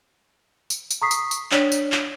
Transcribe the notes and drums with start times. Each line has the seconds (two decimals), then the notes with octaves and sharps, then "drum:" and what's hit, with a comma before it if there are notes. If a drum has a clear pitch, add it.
0.70 drum: tambourine
0.91 drum: tambourine
1.02 A#5 C#6 D#6 B6 C7
1.11 drum: tambourine
1.31 drum: tambourine
1.51 D4 C#5 D5 B6, drum: clap
1.72 drum: tambourine
1.92 drum: clap